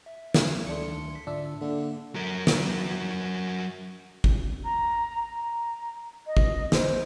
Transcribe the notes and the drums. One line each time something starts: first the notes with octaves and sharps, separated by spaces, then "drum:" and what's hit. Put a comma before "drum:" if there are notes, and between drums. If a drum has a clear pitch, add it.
E5
drum: snare
D2 D#3 A3 D4 C6 C#7
B6
G#2 D3 D4 F4 E5
D3 A#3 A4
F#3 A#4
drum: snare
drum: kick
A#5
A#5
D#5
drum: kick
C5, drum: snare